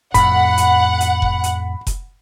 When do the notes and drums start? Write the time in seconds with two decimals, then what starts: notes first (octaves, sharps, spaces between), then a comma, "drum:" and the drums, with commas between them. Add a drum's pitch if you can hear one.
0.14 F2 A2 F#5 B5, drum: kick F1, hi-hat
0.57 drum: hi-hat
1.00 drum: hi-hat
1.22 drum: kick F1
1.44 drum: hi-hat
1.87 drum: kick F1, hi-hat